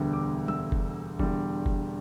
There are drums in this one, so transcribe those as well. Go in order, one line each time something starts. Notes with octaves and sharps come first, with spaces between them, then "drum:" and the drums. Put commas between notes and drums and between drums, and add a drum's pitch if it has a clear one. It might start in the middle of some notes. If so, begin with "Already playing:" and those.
Already playing: E1 D2 D3 G3 B3
D6
E6, drum: tom
drum: kick F1
E1 E2 D3 G3, drum: kick F1
drum: kick F1